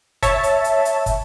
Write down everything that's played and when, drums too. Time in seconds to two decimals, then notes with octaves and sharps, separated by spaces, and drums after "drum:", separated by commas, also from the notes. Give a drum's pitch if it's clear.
0.23 C#5 E5 A5, drum: kick, hi-hat
0.43 drum: hi-hat
0.64 drum: hi-hat
0.85 drum: hi-hat
1.06 drum: kick, hi-hat